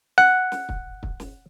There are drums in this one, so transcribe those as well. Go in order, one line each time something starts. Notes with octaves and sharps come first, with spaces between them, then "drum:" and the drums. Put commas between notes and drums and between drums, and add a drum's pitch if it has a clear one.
F#5, drum: snare
drum: snare
drum: kick
drum: kick
drum: snare